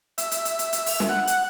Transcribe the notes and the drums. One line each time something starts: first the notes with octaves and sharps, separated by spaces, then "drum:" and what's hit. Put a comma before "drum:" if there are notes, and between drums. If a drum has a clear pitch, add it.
E5, drum: hi-hat
drum: hi-hat
drum: hi-hat
drum: hi-hat
drum: hi-hat
drum: open hi-hat
drum: snare
F#5
drum: hi-hat